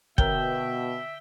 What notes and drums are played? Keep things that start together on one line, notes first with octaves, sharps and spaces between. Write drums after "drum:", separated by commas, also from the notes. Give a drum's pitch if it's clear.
B2 D3 A#4 C#5 E5 G5, drum: kick